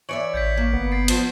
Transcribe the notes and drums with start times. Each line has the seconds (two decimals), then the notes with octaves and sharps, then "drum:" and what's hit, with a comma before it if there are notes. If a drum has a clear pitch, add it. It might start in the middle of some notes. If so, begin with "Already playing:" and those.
0.09 E3 C#5 D5 E5 C#7 D7 F#7
0.34 A1 G6 G#6 B6
0.57 A#3
0.73 G1 B3
0.92 A6 C7 D7
1.08 F3 C5, drum: cymbal